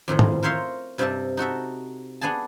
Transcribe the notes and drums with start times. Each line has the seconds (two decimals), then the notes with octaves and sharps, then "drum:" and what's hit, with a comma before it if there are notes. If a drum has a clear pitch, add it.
0.08 F2 A2 D#3 E3
0.19 drum: tom
0.43 A#4 C5 C#5 E5 F5 C6
0.98 G2 C3 G3 D#5 E5 A5
1.37 D#4 F#4 A4 E5
2.21 B3 D4 G#4 G#5 A5